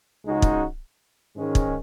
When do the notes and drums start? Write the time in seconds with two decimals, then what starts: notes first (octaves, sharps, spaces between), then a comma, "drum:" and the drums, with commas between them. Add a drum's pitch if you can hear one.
0.24 C#2 C#3 G#3 D#4 F#4
0.42 drum: kick
1.36 G#2 D#3 G#3 C#4
1.55 drum: kick